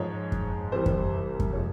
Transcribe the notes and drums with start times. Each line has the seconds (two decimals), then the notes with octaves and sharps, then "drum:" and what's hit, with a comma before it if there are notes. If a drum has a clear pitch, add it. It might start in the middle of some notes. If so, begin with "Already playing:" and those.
Already playing: G#2 F3 G#3 C#5
0.32 drum: kick F#2
0.72 C2 C3 E3 G3 C5
0.86 drum: kick F#2
1.40 drum: kick F#2
1.53 C3 F3 G#3 C#5